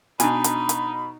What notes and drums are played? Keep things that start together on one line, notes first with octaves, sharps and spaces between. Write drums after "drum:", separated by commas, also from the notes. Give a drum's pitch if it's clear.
B2 D4 D#4 G#5 B5, drum: hi-hat
drum: hi-hat
drum: hi-hat